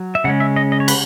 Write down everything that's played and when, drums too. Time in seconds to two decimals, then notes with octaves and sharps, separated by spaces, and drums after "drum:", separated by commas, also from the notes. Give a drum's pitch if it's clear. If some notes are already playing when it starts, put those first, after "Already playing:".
Already playing: F#3
0.15 E5
0.24 C#3 G#3 C#4 F#5
0.40 E5
0.56 D#5
0.72 D#5
0.80 C#5
0.88 B4, drum: cymbal